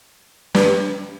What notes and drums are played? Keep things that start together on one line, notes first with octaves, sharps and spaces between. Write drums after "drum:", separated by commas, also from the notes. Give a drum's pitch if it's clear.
G2, drum: snare